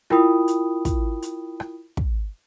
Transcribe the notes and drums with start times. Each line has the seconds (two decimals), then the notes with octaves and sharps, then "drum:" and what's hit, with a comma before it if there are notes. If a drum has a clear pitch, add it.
0.10 E4 F4 A#4 G5 B5 D#6, drum: rim click
0.48 drum: hi-hat
0.85 drum: kick, hi-hat
1.22 drum: hi-hat
1.60 drum: rim click
1.97 drum: kick